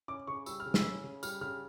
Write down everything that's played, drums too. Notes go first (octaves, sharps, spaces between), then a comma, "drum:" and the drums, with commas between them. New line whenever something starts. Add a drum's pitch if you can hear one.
C#4 D6
C#3 C#6
G3 E6, drum: tambourine
F6
C#3
E6, drum: snare
C#4
C#3
G3 F6, drum: tambourine
C#3 F6